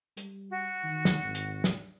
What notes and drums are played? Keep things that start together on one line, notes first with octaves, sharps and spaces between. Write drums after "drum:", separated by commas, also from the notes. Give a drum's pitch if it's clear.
G3, drum: hi-hat
F#4
D#3
drum: snare
G#1
drum: hi-hat
drum: snare